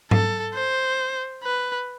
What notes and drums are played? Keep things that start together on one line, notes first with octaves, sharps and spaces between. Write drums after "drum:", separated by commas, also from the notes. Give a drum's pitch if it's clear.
A4, drum: tom G#2
C5
B4